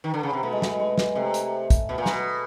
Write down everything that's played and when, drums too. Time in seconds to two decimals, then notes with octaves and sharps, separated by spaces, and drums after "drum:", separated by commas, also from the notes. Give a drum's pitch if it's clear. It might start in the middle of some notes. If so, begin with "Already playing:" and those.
0.04 D#3
0.14 D3
0.23 C#3
0.33 C3
0.43 B2 A3
0.53 G#3
0.62 A3, drum: snare
0.79 G#3
0.98 drum: snare
1.15 C3 A3
1.34 drum: hi-hat
1.70 drum: kick, hi-hat
1.89 B2
1.98 A#2
2.06 B2, drum: snare